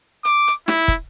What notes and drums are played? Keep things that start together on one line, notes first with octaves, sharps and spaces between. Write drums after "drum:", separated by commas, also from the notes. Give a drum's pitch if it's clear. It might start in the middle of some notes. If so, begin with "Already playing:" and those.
D6, drum: hi-hat
drum: hi-hat
E4, drum: snare
drum: kick, hi-hat